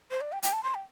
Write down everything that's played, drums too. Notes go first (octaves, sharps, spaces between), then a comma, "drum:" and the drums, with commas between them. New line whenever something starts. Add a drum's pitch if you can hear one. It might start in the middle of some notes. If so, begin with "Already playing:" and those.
C5
D5
G5
G5, drum: hi-hat
A5
C6
G5